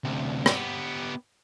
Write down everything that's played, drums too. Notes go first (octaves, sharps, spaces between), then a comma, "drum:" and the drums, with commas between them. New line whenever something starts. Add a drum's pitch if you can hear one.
D2 C3
B3 G4, drum: rim click